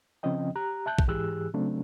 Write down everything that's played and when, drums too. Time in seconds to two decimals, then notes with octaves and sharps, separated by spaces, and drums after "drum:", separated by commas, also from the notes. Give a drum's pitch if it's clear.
0.23 C#3 F3 C4 C#4 D#5 G5
0.55 G4 A#5 F#6
0.86 E5 A5 F#6 G6
0.99 drum: kick
1.08 G#2 E3 G4 G#4 E6 F#6
1.54 C#3 F#3 A3 C4 D4